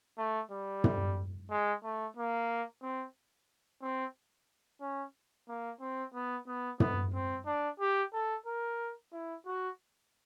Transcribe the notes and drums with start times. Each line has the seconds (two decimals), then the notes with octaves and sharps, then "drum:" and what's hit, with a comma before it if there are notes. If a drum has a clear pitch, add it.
0.18 A3
0.51 G3
0.84 drum: tom
1.50 G#3
1.83 A3
2.17 A#3
2.82 C4
3.82 C4
4.81 C#4
5.48 A#3
5.80 C4
6.14 B3
6.47 B3
6.80 B3, drum: tom
7.14 C4
7.46 D4
7.80 G4
8.13 A4
8.46 A#4
9.12 E4
9.46 F#4